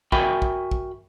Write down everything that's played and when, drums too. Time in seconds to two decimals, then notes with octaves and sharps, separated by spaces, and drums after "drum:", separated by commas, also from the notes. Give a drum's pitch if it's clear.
0.12 F#4 A#4 E5 G5 G#5 B5, drum: kick
0.42 drum: kick
0.71 drum: kick